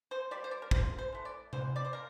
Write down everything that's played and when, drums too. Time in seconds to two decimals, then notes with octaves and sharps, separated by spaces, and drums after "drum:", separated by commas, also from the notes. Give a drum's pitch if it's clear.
0.11 C5
0.31 G3 A#3 D5
0.44 C5
0.51 D5
0.62 A#4
0.71 C3 C5, drum: kick
0.98 C5
1.12 E3 A3
1.25 D5
1.53 E3 C5, drum: tom C3
1.76 D5
1.85 C5
1.93 A#3 A#4